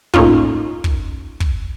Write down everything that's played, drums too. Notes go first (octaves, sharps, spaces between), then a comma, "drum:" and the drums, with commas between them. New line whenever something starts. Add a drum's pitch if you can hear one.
A2 A#3 C#4 D#4 F4, drum: kick
drum: kick
drum: kick